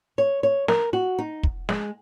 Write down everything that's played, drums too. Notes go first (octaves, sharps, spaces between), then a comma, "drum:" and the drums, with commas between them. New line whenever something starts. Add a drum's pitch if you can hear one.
C#5
C#5
A#4, drum: snare
F#4
D#4
drum: kick
G#3, drum: snare